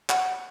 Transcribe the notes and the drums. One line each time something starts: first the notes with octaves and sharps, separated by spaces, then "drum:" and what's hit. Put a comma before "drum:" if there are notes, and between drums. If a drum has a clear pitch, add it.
F#5, drum: clap